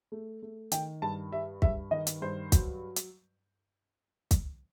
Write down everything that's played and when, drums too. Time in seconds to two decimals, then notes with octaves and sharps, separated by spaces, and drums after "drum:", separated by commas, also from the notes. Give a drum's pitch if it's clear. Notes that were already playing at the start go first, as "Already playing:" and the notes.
0.12 A3
0.42 A3
0.72 D#3 G5, drum: hi-hat
1.02 G2 A5
1.32 G3 E5
1.62 G2 E5, drum: kick
1.91 D#3 D#5
2.07 drum: hi-hat
2.22 G2 C5
2.52 F#3, drum: kick, hi-hat
2.96 drum: hi-hat
4.31 drum: kick, hi-hat